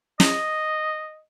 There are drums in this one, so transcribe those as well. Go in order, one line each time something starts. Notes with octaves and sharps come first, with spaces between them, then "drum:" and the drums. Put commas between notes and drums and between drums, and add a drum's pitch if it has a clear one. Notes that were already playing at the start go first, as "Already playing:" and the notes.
D#5, drum: snare